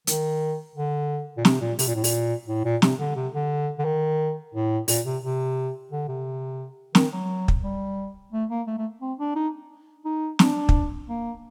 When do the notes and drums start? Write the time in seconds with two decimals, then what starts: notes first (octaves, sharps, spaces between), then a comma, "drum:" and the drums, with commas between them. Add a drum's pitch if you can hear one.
0.07 D#3, drum: hi-hat
0.76 D3
1.37 A#2
1.45 C3, drum: snare
1.61 A#2
1.79 C3, drum: open hi-hat
1.87 A#2
1.95 A2
2.04 A#2, drum: open hi-hat
2.48 A2
2.64 A#2
2.82 C3, drum: snare
2.99 D3
3.16 C3
3.33 D3
3.79 D3
3.85 D#3
4.54 A2
4.88 A#2, drum: open hi-hat
5.06 C3
5.23 C3
5.92 D3
6.08 C3
6.95 D#3, drum: snare
7.12 F#3
7.48 drum: kick
7.63 G3
8.32 A3
8.50 A#3
8.67 A3
8.78 A3
9.01 C4
9.19 D4
9.35 D#4
10.05 D#4
10.39 D4, drum: snare
10.69 drum: kick
11.08 A#3